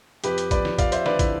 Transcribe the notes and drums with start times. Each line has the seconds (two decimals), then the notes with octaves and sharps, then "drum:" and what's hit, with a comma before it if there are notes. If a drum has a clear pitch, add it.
0.24 F2 G4 B4, drum: hi-hat
0.38 drum: hi-hat
0.51 F2 B4 D5, drum: kick, hi-hat
0.65 drum: snare
0.79 F3 D5 F5, drum: kick, hi-hat
0.92 C5 E5, drum: hi-hat
1.06 D3 B4 D5, drum: snare
1.19 E4, drum: kick, hi-hat